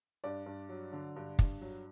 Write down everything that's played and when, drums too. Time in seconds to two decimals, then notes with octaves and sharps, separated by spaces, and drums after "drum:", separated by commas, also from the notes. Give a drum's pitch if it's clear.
0.24 G2 D5
0.46 G2
0.69 F#3
0.93 D3
1.16 G2
1.39 G2, drum: kick
1.61 F#3